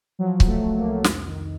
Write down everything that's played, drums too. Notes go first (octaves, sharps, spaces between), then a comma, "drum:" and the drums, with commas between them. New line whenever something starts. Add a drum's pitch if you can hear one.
F3 F#3
C2, drum: kick C#1
A3
F3
A#3
C2
F2, drum: snare
D#3